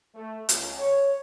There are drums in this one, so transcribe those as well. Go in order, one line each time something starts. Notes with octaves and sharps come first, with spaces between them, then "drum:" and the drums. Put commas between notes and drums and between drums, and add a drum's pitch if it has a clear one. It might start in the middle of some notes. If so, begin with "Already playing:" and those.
A3
C#2, drum: hi-hat
C#5